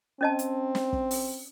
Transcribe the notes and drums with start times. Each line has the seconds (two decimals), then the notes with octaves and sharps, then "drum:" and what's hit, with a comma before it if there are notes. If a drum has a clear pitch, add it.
0.21 C4 C#4 D#5 A5
0.39 drum: hi-hat
0.75 drum: snare
0.93 drum: kick
1.11 drum: open hi-hat